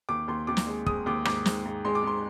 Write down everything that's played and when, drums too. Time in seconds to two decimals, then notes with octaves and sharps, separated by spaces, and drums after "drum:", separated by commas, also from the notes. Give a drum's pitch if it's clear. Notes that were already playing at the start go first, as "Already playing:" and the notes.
0.09 D#2 D6
0.28 D#2 C6
0.47 D#2 D6
0.57 drum: snare
0.67 G#3
0.86 G#3 D#6, drum: kick
1.06 D#2 D6
1.25 G#2 D6, drum: rim click
1.46 G#2, drum: snare
1.66 G#2
1.85 G#3 C6
1.95 D6
2.04 G#3 C6